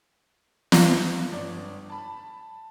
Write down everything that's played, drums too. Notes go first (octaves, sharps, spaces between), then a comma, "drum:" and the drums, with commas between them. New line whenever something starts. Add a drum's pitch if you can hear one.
drum: snare
G1 D5
A5 B5